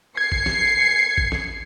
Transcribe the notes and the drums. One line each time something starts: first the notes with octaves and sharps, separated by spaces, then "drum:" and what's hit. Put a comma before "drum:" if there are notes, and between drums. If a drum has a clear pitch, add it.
G#6 C7 C#7
drum: kick G#1
drum: snare
drum: kick G#1
drum: snare